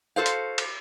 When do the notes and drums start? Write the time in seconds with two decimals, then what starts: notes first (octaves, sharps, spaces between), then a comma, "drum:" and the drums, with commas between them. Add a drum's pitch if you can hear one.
0.16 F#4 A4 C5 F5
0.26 drum: hi-hat
0.58 drum: cymbal